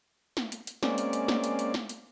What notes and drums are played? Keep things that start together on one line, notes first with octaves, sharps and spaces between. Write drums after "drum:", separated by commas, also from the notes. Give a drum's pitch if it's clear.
drum: snare
drum: hi-hat
drum: hi-hat
G#3 A#3 C4 C#4 D5, drum: snare
drum: hi-hat
drum: hi-hat
drum: snare
drum: hi-hat
drum: hi-hat
drum: snare
drum: hi-hat